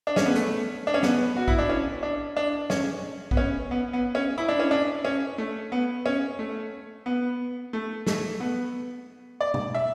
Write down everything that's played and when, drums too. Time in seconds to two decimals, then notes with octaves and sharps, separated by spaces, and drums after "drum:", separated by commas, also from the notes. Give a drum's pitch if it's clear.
0.07 D4
0.16 C#4, drum: snare
0.26 B3
0.35 A3, drum: hi-hat
0.87 D4
0.94 C#4
1.03 B3, drum: snare
1.36 F#4
1.48 E4, drum: kick
1.59 D4
1.69 C#4
2.03 D4
2.37 D4
2.70 C#4, drum: snare
3.31 B3, drum: kick
3.37 C#4
3.71 B3
3.93 B3
4.15 C#4
4.38 E4
4.48 D4
4.60 C#4
4.71 D4
5.05 C#4
5.38 A3
5.72 B3
6.06 C#4
6.39 A3
7.06 B3
7.73 A3
8.06 A3, drum: snare
8.40 B3
9.41 D5
9.54 drum: tom
9.75 E5